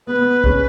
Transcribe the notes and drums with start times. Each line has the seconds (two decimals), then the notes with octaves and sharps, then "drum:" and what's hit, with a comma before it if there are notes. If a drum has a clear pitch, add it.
0.07 B3 B4
0.19 B3
0.44 C#3 C#4, drum: kick B1